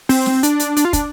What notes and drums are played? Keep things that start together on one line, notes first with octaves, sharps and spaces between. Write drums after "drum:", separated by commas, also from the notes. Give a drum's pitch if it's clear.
C4, drum: open hi-hat
drum: snare
D4, drum: hi-hat
drum: hi-hat
D4, drum: hi-hat
F4
D4, drum: kick, hi-hat